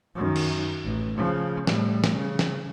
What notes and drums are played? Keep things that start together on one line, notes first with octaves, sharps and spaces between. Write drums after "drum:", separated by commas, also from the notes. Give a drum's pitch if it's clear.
F#2 D#3
drum: cymbal
A1
C#3 F3
A2 G3, drum: snare
drum: snare
C#3
drum: snare